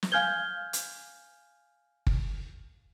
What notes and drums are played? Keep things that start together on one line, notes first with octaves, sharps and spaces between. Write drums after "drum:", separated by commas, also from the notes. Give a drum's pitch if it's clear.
drum: snare
F5 G#5 F6 G6 G#6 G7
drum: hi-hat
drum: kick